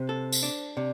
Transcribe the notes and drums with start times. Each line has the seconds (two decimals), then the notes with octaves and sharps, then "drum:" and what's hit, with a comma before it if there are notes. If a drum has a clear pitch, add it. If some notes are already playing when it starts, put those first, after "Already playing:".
Already playing: C3 C5
0.09 A4
0.32 drum: tambourine
0.43 D4
0.77 C3 D5